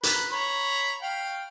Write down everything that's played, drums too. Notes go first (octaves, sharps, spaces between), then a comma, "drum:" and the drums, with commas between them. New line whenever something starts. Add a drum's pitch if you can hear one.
A#4 B4, drum: hi-hat
C#5 A#5 B5
F5 G5